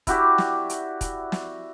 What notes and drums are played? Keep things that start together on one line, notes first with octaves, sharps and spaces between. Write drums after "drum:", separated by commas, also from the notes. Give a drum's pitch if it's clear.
E4 F#4 G4 D5, drum: kick, hi-hat
drum: snare
drum: hi-hat
drum: kick, hi-hat
drum: snare